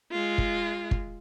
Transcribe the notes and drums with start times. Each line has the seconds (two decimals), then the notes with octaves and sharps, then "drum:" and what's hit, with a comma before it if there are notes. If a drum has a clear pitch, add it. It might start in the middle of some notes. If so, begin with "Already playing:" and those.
0.12 G#3 F4
0.38 drum: kick
0.91 drum: kick